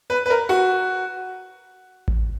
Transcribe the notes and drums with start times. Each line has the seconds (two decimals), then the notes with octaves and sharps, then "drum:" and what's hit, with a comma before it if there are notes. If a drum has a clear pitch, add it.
0.10 B4
0.26 B4
0.30 A#4
0.49 F#4
2.08 drum: kick A1